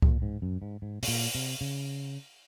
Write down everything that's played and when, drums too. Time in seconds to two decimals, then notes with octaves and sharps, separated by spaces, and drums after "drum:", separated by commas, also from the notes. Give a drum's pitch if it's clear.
0.02 A#2, drum: kick C2
0.22 G#2
0.42 F#2
0.62 G#2
0.82 G#2
1.03 C3, drum: open hi-hat
1.08 A#2
1.35 C3
1.61 C#3